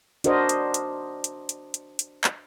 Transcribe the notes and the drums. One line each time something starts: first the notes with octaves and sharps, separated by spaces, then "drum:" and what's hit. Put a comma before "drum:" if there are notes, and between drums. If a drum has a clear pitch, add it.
D4 F#4 A#4 C5 D#5, drum: hi-hat
drum: hi-hat
drum: hi-hat
drum: hi-hat
drum: hi-hat
drum: hi-hat
drum: hi-hat
drum: clap